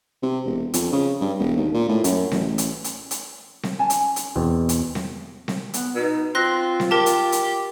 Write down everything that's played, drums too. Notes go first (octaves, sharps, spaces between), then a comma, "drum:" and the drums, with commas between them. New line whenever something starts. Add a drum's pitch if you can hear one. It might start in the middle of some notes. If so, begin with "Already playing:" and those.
C3
E1
F2, drum: hi-hat
C#3
G2
E1
D#2
A#2
A2
F#2, drum: hi-hat
A1, drum: snare C4
drum: hi-hat
drum: hi-hat
drum: hi-hat
drum: snare C4
C#4 G#5 A5
drum: hi-hat
drum: hi-hat
E2 B2 C4
drum: hi-hat
drum: snare C4
drum: snare C4
B3, drum: hi-hat
B2 D#4
C4 F4 C6 F#6 A#6
drum: snare C4
G4 A#4 A5
drum: hi-hat
drum: hi-hat